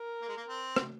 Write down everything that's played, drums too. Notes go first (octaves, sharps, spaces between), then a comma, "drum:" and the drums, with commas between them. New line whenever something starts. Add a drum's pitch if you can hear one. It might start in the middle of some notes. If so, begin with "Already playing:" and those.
Already playing: A#4
A#3
G#3
A#3
C4
drum: rim click